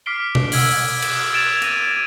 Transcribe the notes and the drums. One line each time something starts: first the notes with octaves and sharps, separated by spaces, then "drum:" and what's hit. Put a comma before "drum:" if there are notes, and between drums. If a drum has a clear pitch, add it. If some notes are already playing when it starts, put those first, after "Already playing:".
D6 F6 B6 C7 D7 G7
drum: tom B2
E6 G#6 F#7, drum: open hi-hat
drum: cymbal
G#6 A6 D7 E7 F7
A6 A#6 D#7, drum: hi-hat